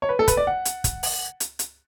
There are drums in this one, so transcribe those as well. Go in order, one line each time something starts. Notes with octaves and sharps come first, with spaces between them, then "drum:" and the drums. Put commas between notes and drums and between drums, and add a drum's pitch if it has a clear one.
C#5
B4
A4
B4, drum: kick, hi-hat
D5
F#5
drum: hi-hat
drum: kick, hi-hat
drum: open hi-hat
drum: hi-hat
drum: hi-hat